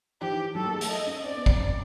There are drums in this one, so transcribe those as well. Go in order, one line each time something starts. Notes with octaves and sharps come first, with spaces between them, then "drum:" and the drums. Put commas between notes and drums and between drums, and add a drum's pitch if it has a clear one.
F3 G4
E3
F#3 A4
A#3
G#3
A3, drum: hi-hat
D#5
C#4
C4 D5
B3
C4, drum: kick
C#4